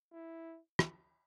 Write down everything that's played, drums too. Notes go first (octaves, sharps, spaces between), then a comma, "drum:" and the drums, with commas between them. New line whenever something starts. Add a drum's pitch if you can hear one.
E4
drum: rim click